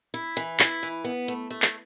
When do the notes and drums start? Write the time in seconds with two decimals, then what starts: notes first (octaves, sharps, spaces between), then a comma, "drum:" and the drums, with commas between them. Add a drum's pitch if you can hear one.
0.14 E4
0.37 E3
0.60 E4, drum: clap
0.83 E3
1.04 B3
1.28 A3, drum: hi-hat
1.50 A3
1.62 drum: clap